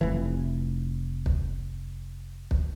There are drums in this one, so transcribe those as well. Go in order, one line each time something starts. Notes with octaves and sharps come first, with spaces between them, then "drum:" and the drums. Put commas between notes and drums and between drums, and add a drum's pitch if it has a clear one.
F1 E3
drum: kick
drum: kick